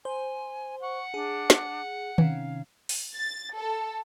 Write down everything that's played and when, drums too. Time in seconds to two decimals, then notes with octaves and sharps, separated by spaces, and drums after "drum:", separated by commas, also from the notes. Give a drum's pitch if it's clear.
0.05 C5 G#5
0.82 F#5 C#6
1.14 D4 G#4
1.50 drum: snare
2.18 C3 D#3 C#4 F5, drum: tom D#3
2.89 drum: open hi-hat
3.15 A6
3.54 A4